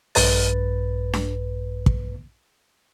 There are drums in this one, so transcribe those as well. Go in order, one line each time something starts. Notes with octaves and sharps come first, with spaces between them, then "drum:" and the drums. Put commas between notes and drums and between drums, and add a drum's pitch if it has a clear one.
A#1 G2 B4 A6, drum: open hi-hat
drum: snare D4
drum: kick